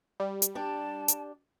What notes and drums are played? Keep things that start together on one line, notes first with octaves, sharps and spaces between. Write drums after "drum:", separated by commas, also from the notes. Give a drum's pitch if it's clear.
G3
drum: hi-hat
D4 G4 D5 A5
drum: hi-hat